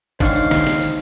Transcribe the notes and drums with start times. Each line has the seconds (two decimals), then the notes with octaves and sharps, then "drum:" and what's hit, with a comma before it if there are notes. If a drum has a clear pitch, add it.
0.20 G#2 D#3 D4 C5 C#5 F5, drum: kick, tambourine
0.36 drum: tambourine
0.51 drum: snare
0.67 drum: snare
0.82 drum: tambourine